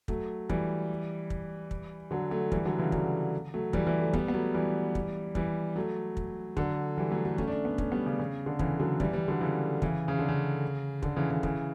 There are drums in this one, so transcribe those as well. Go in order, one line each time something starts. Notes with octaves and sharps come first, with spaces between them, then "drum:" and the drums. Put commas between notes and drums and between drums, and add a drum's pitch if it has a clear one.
F#3 A3, drum: kick
E3 G3, drum: kick
drum: kick
drum: kick
D3 F#3
F#3 A3
E3 G3, drum: kick
D3 F#3
C#3 E3
D3 F#3, drum: kick
F#3 A3
E3 G3, drum: kick
E3 G3
F#3 A3
G3 B3, drum: kick
B3
F#3 A3
E3 G3
drum: kick
E3 G3, drum: kick
F#3 A3
drum: kick
D3 F#3, drum: kick
E3 G3
F#3 A3
F#3 A3
A3 C#4, drum: kick
D4
A3 C#4
B3 D4
A3 C#4, drum: kick
G3 B3
C#3
C#3
D3
C#3 E3, drum: kick
D3 F#3
E3 G3, drum: kick
E3 G3
D3 F#3
C#3 E3
C#3 E3, drum: kick
C#3
D3
C#3
D3, drum: kick
C#3 E3
C#3
C#3 E3, drum: kick